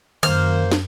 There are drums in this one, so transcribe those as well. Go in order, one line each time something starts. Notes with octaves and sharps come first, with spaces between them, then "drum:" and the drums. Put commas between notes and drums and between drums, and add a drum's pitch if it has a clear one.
F#2 D#3 A#3 C5 F6, drum: cymbal
drum: snare